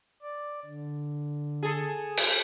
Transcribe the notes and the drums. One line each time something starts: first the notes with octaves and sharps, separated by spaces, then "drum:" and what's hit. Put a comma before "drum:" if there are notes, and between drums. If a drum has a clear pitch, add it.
D5
D3
G#4 A4
drum: cymbal